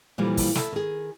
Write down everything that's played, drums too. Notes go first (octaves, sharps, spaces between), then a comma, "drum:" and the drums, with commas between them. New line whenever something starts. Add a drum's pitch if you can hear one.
A#2 D3 E3 F3 G3 A#3
drum: kick, open hi-hat
E4 A4, drum: snare
D#3 G#4